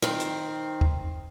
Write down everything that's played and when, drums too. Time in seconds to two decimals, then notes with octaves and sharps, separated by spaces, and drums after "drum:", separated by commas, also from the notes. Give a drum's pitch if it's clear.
0.02 D#3 C4, drum: snare
0.20 drum: hi-hat
0.81 drum: kick D#2